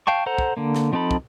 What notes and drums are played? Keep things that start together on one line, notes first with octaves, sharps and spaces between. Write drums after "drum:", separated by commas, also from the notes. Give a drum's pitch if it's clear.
F5 G5 A5 C#6
A4 C5 F#5 A#5
drum: kick
D3 A#3
drum: snare
F3 C4 D#4 A4 B5
drum: kick